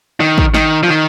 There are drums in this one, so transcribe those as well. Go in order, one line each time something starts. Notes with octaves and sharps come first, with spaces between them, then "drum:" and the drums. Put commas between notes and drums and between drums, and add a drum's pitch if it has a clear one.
D#3
drum: kick
D#3, drum: snare
F3
D#3